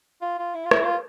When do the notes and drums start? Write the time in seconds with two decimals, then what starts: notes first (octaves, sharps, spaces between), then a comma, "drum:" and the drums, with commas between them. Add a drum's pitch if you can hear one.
0.22 F4
0.39 F4
0.55 E4
0.65 F4
0.71 E4, drum: rim click
0.84 F4